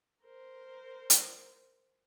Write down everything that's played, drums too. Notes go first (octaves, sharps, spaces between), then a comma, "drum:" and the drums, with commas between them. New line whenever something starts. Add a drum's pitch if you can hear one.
A#4 C5
drum: hi-hat